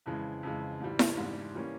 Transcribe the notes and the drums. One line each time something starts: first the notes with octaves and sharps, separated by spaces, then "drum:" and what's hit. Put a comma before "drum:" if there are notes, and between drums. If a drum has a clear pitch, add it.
F2 C#3 E3 G#3
F2 C#3 E3 G#3
G#2 E3 G3
drum: snare E4
G#2 E3 G3
E3 G3 A#3 C#4